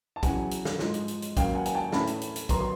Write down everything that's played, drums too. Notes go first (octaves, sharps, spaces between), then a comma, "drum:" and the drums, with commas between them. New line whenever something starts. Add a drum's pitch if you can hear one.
A5
E2 C#3 F#3 F#5 G#5, drum: kick A1, hi-hat
drum: hi-hat
drum: snare
G#2 F3 G#3, drum: snare
drum: hi-hat
drum: hi-hat
drum: hi-hat
D#2 C#3 F#3 F5 G5, drum: kick A1, hi-hat
F#5 G#5
G#5, drum: hi-hat
G5 A5
A2 E3 A3 C#4 A5 B5, drum: snare
drum: hi-hat
drum: hi-hat
drum: hi-hat
D#3 F#3 B3 A#5 C6, drum: kick A1, hi-hat
C6